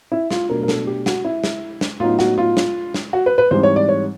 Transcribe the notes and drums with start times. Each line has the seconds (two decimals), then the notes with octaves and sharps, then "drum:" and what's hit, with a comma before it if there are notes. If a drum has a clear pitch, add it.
0.12 E4
0.31 F4, drum: snare
0.49 B2 F#3 A3 D4 A#4
0.63 A#4
0.68 A4, drum: snare
0.87 G4
1.06 F#4, drum: snare
1.25 E4
1.44 drum: snare
1.81 drum: snare
2.00 A2 F#3 B3 D#4 F4
2.19 F#4, drum: snare
2.38 F4
2.57 drum: snare
2.94 drum: snare
3.13 F#4
3.26 B4
3.38 B4
3.51 G#2 E3 G3 C4 C5
3.63 C#5
3.76 D5
3.88 C#5